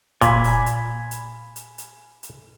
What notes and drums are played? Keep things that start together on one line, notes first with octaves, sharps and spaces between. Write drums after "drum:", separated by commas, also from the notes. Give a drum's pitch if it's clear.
A#2 G#5 B5, drum: kick, hi-hat
drum: open hi-hat
drum: hi-hat
drum: hi-hat
drum: hi-hat
drum: hi-hat
drum: hi-hat